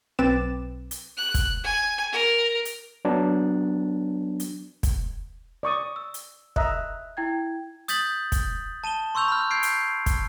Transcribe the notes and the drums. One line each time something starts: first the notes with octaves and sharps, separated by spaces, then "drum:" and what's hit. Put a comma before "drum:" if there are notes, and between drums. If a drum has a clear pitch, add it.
B1 C4 B4 D6 A6 E7
drum: hi-hat
F#6
drum: kick, hi-hat
G#5
A#4
drum: hi-hat
F#3 B3 D4
drum: hi-hat
drum: kick, hi-hat
D5 C#6 D#6
E6
drum: hi-hat
D#5 E5 A#5 F#6, drum: kick
E4 G5 G#6
D#6 G6 A6 B6 F#7, drum: hi-hat
drum: kick, hi-hat
A5 D#7 E7 G7
C6 C#6 E6 G6 F7
B5 F6
G6 G#6 C7 D7
drum: hi-hat
drum: kick, hi-hat